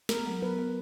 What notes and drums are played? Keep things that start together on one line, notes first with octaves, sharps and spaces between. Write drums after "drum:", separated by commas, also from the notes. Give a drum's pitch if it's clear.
B3 A#4, drum: snare
F#3
B3 B4
B3